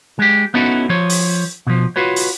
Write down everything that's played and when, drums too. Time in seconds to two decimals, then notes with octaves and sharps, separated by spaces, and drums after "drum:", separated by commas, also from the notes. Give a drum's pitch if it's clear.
0.19 G#3 G4
0.54 B3 C#4 D#4 E4 F#4 A4
0.89 F3 C#5
1.10 drum: open hi-hat
1.67 B2 F3
1.96 F4 F#4 B4 C#5
2.16 drum: open hi-hat